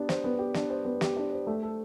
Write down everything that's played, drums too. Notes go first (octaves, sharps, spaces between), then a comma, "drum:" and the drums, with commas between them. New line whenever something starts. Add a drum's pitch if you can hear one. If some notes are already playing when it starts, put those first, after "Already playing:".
Already playing: B3 D4 G4
C5, drum: snare
B3
G4
D4, drum: snare
C5
B3
G4, drum: snare
D4
C5
A3
A4